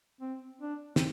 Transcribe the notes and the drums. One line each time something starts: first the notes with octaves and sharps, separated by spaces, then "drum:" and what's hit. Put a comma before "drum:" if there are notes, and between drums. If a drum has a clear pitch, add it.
C4
D4
C4, drum: snare